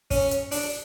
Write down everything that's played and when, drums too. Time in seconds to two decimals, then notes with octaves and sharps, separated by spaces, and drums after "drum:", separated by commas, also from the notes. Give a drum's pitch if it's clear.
0.11 C#4, drum: kick, open hi-hat
0.31 drum: hi-hat
0.52 D4, drum: open hi-hat